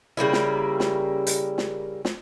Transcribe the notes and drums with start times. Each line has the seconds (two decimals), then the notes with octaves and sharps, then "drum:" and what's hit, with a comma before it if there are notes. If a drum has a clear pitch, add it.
0.17 C#3 G3 A#3 E4
0.33 drum: snare
0.80 drum: snare
1.27 drum: hi-hat
1.58 drum: snare
2.05 drum: snare